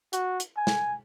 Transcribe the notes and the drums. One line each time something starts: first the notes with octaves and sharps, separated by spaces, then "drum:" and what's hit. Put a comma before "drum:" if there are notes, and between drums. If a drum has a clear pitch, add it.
F#4, drum: hi-hat
drum: hi-hat
G#5
drum: snare